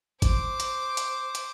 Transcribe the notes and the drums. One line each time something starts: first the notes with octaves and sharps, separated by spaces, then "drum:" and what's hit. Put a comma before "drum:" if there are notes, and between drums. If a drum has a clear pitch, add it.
C5 D6, drum: kick G#1, hi-hat
drum: hi-hat
drum: hi-hat
drum: hi-hat